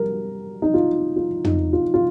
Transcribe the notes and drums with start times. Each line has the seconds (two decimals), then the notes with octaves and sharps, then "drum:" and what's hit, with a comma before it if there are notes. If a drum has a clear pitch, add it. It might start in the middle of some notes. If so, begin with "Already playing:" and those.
Already playing: G3 A#4
0.62 D#4
0.74 F4
1.16 F4
1.45 D#4, drum: tom
1.73 F4
1.94 F4